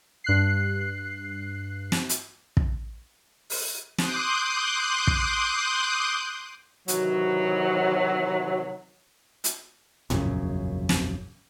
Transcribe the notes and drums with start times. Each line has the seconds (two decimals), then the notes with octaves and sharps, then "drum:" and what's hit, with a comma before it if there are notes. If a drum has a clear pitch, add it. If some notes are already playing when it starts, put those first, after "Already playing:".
0.24 G2 F#6 C7
1.92 drum: snare
2.09 drum: hi-hat
2.57 drum: kick
3.50 drum: open hi-hat
3.98 C6 D6 D#6 F#6 G6, drum: snare
5.07 drum: kick
6.88 C3 D#3 E3 F#3, drum: hi-hat
9.44 drum: hi-hat
10.10 E1 A#1 F#2 C#3, drum: tom A2
10.89 drum: snare